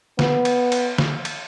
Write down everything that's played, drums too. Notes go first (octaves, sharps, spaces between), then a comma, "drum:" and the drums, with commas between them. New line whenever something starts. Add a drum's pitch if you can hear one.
B3, drum: snare
drum: cymbal
drum: cymbal
drum: snare
drum: cymbal